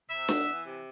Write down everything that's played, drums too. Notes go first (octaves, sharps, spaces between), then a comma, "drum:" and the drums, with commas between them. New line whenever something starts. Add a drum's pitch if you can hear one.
C3 E5
B3, drum: snare D4
E3
C3